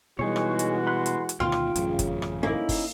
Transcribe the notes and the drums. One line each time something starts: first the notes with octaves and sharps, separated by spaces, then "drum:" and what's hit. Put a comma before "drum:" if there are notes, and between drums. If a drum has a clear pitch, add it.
B2 E3 G3 G#3 D#4 F#4 G#4 C#5
drum: rim click
drum: hi-hat
B5 C6 F#6
drum: hi-hat
drum: hi-hat
D2 B2 D#3 F4 G5 F6
drum: rim click
A1 F#2 C#3, drum: hi-hat
drum: kick G1, hi-hat
drum: rim click
A#3 C#4 D#4 E4
drum: kick G1, open hi-hat